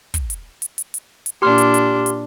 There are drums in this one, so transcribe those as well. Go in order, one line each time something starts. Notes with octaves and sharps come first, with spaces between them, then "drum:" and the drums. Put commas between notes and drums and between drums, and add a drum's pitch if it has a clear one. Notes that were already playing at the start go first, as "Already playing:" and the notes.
drum: kick, hi-hat
drum: hi-hat
drum: hi-hat
drum: hi-hat
drum: hi-hat
drum: hi-hat
A#2 D4 G4 C6 F6
drum: hi-hat
drum: hi-hat
drum: hi-hat